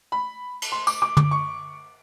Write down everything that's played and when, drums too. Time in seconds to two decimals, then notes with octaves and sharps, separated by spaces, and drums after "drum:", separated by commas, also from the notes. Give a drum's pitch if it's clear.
0.12 B5
0.62 drum: cymbal
0.72 C6
0.87 D6, drum: tambourine
1.02 D6
1.17 D6, drum: tom
1.31 C#6